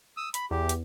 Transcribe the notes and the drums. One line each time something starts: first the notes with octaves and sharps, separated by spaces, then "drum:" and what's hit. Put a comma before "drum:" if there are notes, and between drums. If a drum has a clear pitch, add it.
D#6 E6
B5, drum: hi-hat
E2 G4
drum: hi-hat